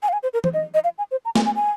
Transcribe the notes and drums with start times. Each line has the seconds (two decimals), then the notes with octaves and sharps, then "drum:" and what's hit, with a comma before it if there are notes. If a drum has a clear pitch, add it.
0.03 G#5
0.08 F5
0.13 G#5
0.23 C5
0.33 A#4
0.44 C5, drum: tom E3
0.54 D#5
0.74 D#5
0.84 F5
0.98 G#5
1.11 C5
1.25 A#5
1.35 G#5, drum: snare A3
1.46 G#5
1.56 G#5